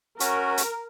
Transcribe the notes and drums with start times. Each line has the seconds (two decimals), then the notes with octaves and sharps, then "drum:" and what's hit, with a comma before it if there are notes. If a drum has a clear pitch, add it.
0.20 C#4 F#4 A#4, drum: hi-hat
0.57 drum: hi-hat